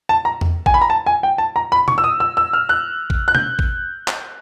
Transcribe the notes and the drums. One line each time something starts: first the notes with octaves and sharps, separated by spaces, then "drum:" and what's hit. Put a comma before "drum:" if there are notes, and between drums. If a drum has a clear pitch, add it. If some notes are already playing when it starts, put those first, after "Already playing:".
A5
A#5
drum: tom E2
G#5, drum: kick A1
B5
A#5
A5
G#5
G5
A5
A#5
B5
C#6, drum: tom B2
E6
D#6
E6
E6
F6
F#6
drum: kick A1
F#6
G6, drum: tom B2
drum: kick A1
drum: clap